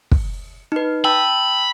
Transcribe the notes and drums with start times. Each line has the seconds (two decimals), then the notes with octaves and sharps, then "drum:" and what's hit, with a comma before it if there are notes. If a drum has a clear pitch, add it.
0.12 drum: kick
0.72 D#4 B4
1.05 G5 A5 B5 E6